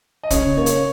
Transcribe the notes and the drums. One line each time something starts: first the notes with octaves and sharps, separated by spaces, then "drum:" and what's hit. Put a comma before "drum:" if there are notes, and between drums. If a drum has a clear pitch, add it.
D#5
C#3 C#5, drum: kick, hi-hat
A#3 C#5
drum: hi-hat